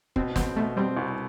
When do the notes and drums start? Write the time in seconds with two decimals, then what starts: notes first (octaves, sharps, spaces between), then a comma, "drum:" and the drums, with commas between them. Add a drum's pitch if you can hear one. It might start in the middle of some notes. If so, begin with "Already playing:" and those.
0.16 B2 C4, drum: kick
0.36 B3 C4, drum: snare
0.56 B2 A3
0.77 G3 C4
0.97 C2